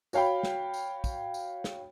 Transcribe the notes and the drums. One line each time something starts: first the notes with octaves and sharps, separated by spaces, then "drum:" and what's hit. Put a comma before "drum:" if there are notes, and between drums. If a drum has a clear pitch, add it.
F#4 C#5 F5 G5 B5, drum: tambourine
drum: snare
drum: tambourine
drum: kick, tambourine
drum: tambourine
drum: snare